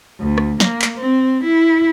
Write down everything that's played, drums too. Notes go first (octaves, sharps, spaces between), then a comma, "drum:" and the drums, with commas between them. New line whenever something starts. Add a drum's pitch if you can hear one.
D2
drum: rim click
A#3, drum: snare
drum: clap
C4
E4